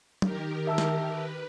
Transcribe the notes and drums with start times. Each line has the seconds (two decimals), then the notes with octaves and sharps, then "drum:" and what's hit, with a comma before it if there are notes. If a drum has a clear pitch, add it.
0.22 D#3 G4 A#4, drum: tom F#3
0.67 E5 A5 E6
0.78 drum: snare
1.09 B4